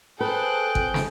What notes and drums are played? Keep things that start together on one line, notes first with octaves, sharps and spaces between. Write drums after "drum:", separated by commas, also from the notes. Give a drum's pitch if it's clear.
G#4 A4 B4 C5 G5 F#6
F2, drum: kick
drum: snare